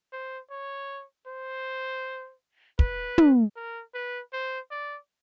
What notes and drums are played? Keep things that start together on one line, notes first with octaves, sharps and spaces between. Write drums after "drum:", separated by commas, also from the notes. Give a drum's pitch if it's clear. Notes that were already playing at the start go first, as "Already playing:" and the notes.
C5
C#5
C5
B4, drum: kick
drum: tom
A#4
B4
C5
D5